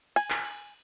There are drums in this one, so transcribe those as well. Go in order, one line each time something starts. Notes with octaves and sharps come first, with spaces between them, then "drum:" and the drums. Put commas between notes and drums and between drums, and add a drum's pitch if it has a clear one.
G#5, drum: cymbal
drum: clap
drum: cymbal